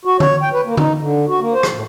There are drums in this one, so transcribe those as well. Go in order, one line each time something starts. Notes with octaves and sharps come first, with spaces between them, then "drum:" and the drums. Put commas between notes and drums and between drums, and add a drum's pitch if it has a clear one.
F#4
C#5, drum: tom
G5
B4
A#3
D#4, drum: tom
D3
F#4
A#3
C5
drum: rim click
A2